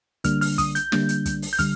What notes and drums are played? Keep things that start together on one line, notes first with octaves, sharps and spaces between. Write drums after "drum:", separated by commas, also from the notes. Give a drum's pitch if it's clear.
D3 G3 A#3 D4 F6, drum: kick, hi-hat
F6, drum: open hi-hat
D#6, drum: kick, hi-hat
G6, drum: hi-hat
D3 G3 A#3 D4, drum: snare
drum: hi-hat
drum: kick, hi-hat
drum: open hi-hat
G6
D3 G3 F6, drum: kick, hi-hat